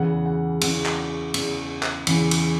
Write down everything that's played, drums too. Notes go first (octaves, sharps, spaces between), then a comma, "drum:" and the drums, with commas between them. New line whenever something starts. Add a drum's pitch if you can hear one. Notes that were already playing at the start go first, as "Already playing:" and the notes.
Already playing: E2 C#3 E3 F#5
F#5
E2 C#3 E3 F#5, drum: cymbal
drum: clap
E2 C#3 E3, drum: cymbal
drum: clap
E2 C#3 E3, drum: cymbal
drum: cymbal